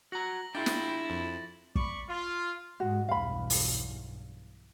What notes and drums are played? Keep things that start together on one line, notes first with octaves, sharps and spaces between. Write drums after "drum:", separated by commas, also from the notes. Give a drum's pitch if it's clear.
F#4 A#5 A#6 F#7
D4 E4 F4 G#4 G5 A6
drum: snare
F2
D5 B5 C#6, drum: kick
F4
G#2 G#3 F#4
B1 E2 G2 F5 B5
drum: open hi-hat